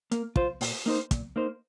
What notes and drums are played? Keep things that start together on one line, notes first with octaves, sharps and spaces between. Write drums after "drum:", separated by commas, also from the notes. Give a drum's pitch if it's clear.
A#3, drum: hi-hat
F4 C5, drum: kick
A#2, drum: open hi-hat
A#3 D#4 C5
A#2, drum: kick, hi-hat
A#3 D#4 C5